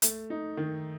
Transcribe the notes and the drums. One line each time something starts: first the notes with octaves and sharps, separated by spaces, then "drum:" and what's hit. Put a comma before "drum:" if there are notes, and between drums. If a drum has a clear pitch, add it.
A3, drum: hi-hat
D#4
D#3